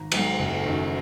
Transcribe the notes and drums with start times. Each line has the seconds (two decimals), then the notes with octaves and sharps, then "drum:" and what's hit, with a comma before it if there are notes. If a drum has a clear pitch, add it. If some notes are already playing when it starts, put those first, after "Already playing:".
Already playing: G#1 A#5
0.12 G#2 F#3, drum: cymbal
0.39 F#1
0.66 F#2 D#3